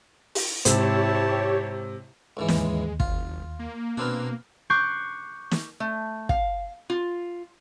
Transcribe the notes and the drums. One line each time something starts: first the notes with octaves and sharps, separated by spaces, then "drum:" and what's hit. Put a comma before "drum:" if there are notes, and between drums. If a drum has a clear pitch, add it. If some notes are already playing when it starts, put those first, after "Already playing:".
drum: open hi-hat
G#2 C3 E4 G4 C5 C#5 A5, drum: hi-hat
C#2 G#2 E3
D#2 G#3, drum: snare
F#1 F4, drum: kick
A#3
B2 B3 C4 D4 F6
C#6 D6 F#6 G6 C7
drum: snare
A3
F5, drum: kick
F4